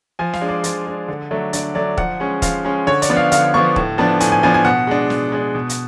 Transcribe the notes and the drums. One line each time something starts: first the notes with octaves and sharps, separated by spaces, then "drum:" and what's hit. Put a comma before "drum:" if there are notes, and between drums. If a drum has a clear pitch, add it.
F3 G#5
F5, drum: snare
G#3 D4
D5
F3, drum: hi-hat
G#3 D4
D3
F#3 A3 D4
D3 D5, drum: hi-hat
F#3 A3 D4 D5
F3 F#5, drum: kick
G#3 C#4
F3 F5, drum: kick, hi-hat
G#3 C#4
D3 C#5
D5, drum: hi-hat
F3 B3 D4
F5
D3 F5, drum: hi-hat
F3 B3 D4 C#6
A2, drum: kick
F3 B3 D4 A5
A2 G#5, drum: hi-hat
G#5
F3 B3 D4 G#5
G#5
B2 F#5
G#3 D4
B2, drum: snare
G#3 D4
B2
drum: hi-hat